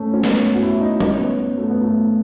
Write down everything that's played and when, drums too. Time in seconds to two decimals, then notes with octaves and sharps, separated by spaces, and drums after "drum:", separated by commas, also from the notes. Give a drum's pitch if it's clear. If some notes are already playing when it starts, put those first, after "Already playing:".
Already playing: A3 C#4
0.14 C#4
0.24 B3, drum: snare
0.54 F#4
0.62 E4
0.81 D#4
1.00 C#4, drum: tom G3
1.20 B3
1.58 A3
1.70 B3
1.81 A3